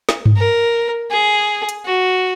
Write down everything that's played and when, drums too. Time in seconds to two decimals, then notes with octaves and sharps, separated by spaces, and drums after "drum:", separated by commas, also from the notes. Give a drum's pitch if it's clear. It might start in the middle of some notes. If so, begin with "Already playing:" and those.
0.09 drum: snare
0.26 drum: tom G2
0.37 A#4
1.12 G#4
1.69 drum: hi-hat
1.86 F#4